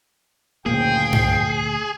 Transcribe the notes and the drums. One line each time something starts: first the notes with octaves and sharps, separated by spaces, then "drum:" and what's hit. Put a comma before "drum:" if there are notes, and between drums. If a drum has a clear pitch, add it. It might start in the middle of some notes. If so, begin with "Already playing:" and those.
F#1 D2 A#2 F3 A#3 G#4 G5
drum: tom G2